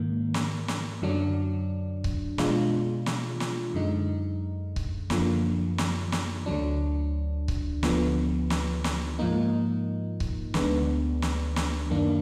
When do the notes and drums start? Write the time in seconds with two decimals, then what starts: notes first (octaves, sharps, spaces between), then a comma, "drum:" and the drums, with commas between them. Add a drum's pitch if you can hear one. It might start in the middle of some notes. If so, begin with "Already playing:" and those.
Already playing: G#2 D#3 A#3
0.34 drum: snare
0.68 drum: snare
1.02 F#2 D3 F#3 D4
2.04 drum: kick C#1
2.38 B2 G#3 D4 F4, drum: snare
3.06 drum: snare
3.40 drum: snare
3.74 F#2 D3 G#3 D#4
4.76 drum: kick C#1
5.10 F#2 D3 F3 A#3, drum: snare
5.78 drum: snare
6.12 drum: snare
6.46 D2 D3 F#3 D4
7.48 drum: kick C#1
7.83 D2 D3 F3 B3, drum: snare
8.50 drum: snare
8.84 drum: snare
9.19 G#2 F3 A#3 D#4
10.20 drum: kick C#1
10.54 D2 D3 G#3 B3 D4, drum: snare
11.22 drum: snare
11.56 drum: snare
11.90 F#2 D#3 A#3 D4